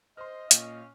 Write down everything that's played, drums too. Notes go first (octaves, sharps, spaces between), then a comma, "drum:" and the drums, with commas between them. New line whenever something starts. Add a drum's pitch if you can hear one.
C5 D#5 C6 F6
A#2 C#4 F5, drum: hi-hat